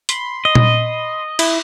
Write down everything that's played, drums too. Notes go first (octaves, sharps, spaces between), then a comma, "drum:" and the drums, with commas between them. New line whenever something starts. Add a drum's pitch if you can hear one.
B5 C6, drum: hi-hat
D#5
drum: tom A#2
E4, drum: cymbal